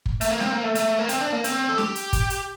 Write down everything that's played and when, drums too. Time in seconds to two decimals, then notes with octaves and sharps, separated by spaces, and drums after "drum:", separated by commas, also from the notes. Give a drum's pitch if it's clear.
0.06 drum: kick
0.21 A3, drum: hi-hat
0.30 A#3
0.40 C4, drum: snare
0.52 A#3
0.64 A3
0.75 A3, drum: hi-hat
0.99 A#3
1.09 C4, drum: hi-hat
1.21 D4
1.32 A#3
1.44 C4, drum: hi-hat
1.69 A4
1.78 G4, drum: snare
1.95 drum: hi-hat
2.13 drum: kick, hi-hat
2.30 drum: hi-hat